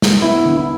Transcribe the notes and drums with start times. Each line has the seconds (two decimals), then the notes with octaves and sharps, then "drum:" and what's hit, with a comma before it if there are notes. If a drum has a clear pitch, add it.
0.02 drum: snare
0.22 B3 E4
0.45 D3
0.57 E4